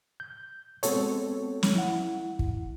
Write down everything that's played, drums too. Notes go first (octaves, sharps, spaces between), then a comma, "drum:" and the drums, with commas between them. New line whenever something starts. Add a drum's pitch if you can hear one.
G6
G#3 B3 C4 F#4 A4 C#5, drum: hi-hat
drum: snare
E4 F#5
drum: kick